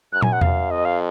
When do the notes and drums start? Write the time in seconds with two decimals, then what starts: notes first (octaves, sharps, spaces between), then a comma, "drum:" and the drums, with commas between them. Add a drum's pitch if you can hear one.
0.12 F#2 F#6
0.22 G#5, drum: tom
0.33 F#5
0.41 F#2 F5, drum: tom E2
0.71 F2 D#5
0.85 F5